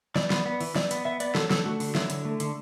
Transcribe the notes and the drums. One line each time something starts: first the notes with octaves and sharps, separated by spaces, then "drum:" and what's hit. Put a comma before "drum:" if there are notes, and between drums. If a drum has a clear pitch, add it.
E3 D5, drum: snare
B3, drum: snare
B3
E3, drum: open hi-hat
E3 D5, drum: snare
B3, drum: hi-hat
B3 E5
B3 D5, drum: hi-hat
F#3 A4, drum: snare
D3 A4, drum: snare
A3 F#4
D3, drum: open hi-hat
F#3 E4, drum: snare
D3, drum: hi-hat
A3
D3, drum: hi-hat